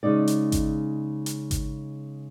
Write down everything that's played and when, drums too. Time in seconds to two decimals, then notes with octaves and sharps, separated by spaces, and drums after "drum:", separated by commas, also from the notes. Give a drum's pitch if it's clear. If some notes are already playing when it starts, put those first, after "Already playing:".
0.03 C#3 G#3 D#4 D5
0.27 drum: hi-hat
0.52 drum: kick G#1, hi-hat
1.26 drum: hi-hat
1.51 drum: kick G#1, hi-hat